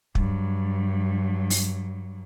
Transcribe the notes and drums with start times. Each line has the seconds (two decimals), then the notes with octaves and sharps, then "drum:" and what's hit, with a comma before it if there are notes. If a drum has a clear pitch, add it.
0.15 G2 F#3, drum: kick
1.50 drum: open hi-hat